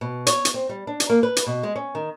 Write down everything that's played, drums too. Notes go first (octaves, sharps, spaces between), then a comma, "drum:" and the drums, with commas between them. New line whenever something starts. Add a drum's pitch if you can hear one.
B2
C#5, drum: hi-hat
drum: hi-hat
C4
G3
D4
drum: hi-hat
A#3
B4
drum: hi-hat
B2
G#3
C#4
D#3